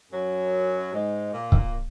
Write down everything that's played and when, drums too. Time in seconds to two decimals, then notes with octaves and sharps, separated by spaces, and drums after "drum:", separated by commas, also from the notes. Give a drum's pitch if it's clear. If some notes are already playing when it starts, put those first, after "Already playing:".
0.11 F#2 F#3
0.92 G#2 G#3
1.33 A#2 A#3
1.52 drum: kick